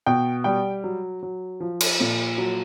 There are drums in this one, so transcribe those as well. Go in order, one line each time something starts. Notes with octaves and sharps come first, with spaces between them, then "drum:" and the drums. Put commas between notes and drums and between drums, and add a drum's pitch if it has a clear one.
B2 G5
G3 G5
F#3
F#3
F3
drum: cymbal
A#2
F#3